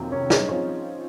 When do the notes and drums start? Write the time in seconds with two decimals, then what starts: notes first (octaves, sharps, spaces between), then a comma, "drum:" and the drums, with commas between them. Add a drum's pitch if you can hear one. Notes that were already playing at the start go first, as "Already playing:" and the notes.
Already playing: F2 C3 D#3 F#3 A#3
0.12 C#4
0.30 D#4, drum: snare
0.48 F3 C4 C#4 F4 G#4 C#5